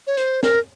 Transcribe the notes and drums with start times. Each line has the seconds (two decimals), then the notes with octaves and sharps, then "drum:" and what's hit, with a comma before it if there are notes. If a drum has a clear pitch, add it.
0.07 C#5
0.17 C5, drum: hi-hat
0.43 A#4, drum: snare